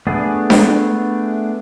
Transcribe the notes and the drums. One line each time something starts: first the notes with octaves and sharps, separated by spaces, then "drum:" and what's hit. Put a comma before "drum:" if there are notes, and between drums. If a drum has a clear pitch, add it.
A3 B3 D4 G#4
drum: snare D4